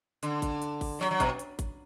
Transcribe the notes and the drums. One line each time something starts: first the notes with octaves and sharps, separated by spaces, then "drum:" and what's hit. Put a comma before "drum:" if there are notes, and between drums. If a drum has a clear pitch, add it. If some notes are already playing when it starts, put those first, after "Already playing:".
D3, drum: hi-hat
drum: kick G#1, hi-hat
drum: hi-hat
drum: kick G#1, open hi-hat
F#3, drum: clap
F#3
B2, drum: kick G#1, hi-hat
drum: hi-hat
drum: kick G#1, hi-hat